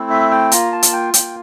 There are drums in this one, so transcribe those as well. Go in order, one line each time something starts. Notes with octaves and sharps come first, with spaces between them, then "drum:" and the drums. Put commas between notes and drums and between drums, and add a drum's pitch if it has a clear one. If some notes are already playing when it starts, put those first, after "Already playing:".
Already playing: A3 C4 E4
E5
G5
A#3 F4 A#5, drum: hi-hat
A5
drum: hi-hat
G5
A#3 F4 G5, drum: hi-hat